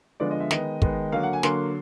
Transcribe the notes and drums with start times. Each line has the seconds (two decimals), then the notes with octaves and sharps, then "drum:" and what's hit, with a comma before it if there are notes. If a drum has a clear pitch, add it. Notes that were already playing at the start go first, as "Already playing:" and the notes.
0.20 D3 F3 G#3 B3 D5
0.31 D#5
0.40 E5
0.51 D#3 G#3 B3 D#5, drum: snare
0.82 D#3 G#3 B3, drum: kick
1.12 D3 F#3 A#3 F5
1.23 F#5
1.33 G#5
1.43 D3 F#3 A#3 C6, drum: snare